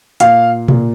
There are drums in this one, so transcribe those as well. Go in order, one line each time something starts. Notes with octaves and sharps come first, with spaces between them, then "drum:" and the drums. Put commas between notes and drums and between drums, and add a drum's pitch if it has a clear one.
A#2 F5, drum: hi-hat
A#2, drum: tom B2